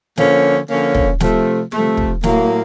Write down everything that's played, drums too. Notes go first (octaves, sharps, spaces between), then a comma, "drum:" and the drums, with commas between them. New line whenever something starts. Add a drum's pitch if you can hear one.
D3 F3 A#3 C#4, drum: snare
D3 F3 A#3 C#4
drum: kick
C3 F3 A3, drum: snare
C3 F3 A3, drum: tom
drum: kick
A2 F#3 A#3, drum: snare